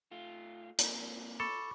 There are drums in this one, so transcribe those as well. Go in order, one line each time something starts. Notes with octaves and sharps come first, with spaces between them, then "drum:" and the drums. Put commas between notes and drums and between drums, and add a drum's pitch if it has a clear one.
A3 F4
A#3 C4, drum: hi-hat
A4 B5 C#6 D6